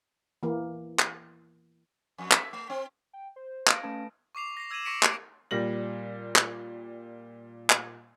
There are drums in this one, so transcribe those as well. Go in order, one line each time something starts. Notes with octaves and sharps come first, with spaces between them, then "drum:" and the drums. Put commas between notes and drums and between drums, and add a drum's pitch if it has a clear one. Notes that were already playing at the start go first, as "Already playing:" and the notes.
E3 A#3
drum: clap
F2
E5, drum: clap
A3
C4
G5
C5
F5 A#6 D7, drum: clap
A3 C#4 B4 A5
C#6 D6 C7 F7
A#6 C7
E6 G#6 A#6 D#7 E7 F#7
C#6 A#6 B6 C#7 D7 E7
D6 D7, drum: clap
A#2 G3 A#6 F#7
drum: clap
drum: clap